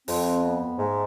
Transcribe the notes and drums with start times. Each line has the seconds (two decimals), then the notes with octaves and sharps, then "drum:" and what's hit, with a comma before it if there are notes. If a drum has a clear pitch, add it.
0.08 F2 C4, drum: open hi-hat
0.43 B3
0.79 G#2 A3